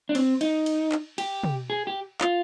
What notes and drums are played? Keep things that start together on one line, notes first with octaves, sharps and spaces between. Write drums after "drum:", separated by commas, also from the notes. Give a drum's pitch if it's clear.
D4
C4, drum: cymbal
D#4, drum: cymbal
drum: cymbal
drum: clap
G4, drum: cymbal
drum: tom
G#4
G4
F4, drum: clap